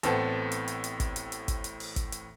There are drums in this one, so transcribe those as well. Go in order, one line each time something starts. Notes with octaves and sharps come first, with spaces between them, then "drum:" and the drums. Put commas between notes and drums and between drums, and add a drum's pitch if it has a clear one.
A1 A2 B3 C4 A4, drum: hi-hat
drum: hi-hat
drum: hi-hat
drum: hi-hat
drum: kick, hi-hat
drum: hi-hat
drum: hi-hat
drum: kick, hi-hat
drum: hi-hat
drum: open hi-hat
drum: kick, hi-hat
drum: hi-hat